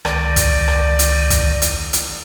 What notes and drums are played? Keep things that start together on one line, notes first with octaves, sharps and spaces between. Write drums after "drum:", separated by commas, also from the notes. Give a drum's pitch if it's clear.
C#2 D#3 D5, drum: rim click
drum: kick, hi-hat
drum: rim click
drum: hi-hat
drum: kick, hi-hat
drum: hi-hat
drum: hi-hat